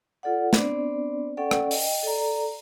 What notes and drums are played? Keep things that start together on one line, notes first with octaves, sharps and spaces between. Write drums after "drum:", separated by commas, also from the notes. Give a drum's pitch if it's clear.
F4 A4 D5 F#5
B3 C4 D4 C5 D5, drum: snare
C#4 A4 D5 F#5 G5
drum: rim click
D#5 G5, drum: open hi-hat
A4 D5 A#5